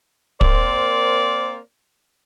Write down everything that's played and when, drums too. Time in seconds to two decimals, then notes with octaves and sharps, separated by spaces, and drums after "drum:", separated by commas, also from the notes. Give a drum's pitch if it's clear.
0.41 A#3 C4 A#4 C5 D5, drum: kick